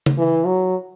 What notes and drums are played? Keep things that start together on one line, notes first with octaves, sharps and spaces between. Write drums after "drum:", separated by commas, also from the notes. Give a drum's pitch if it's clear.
drum: tom C#3
E3
F#3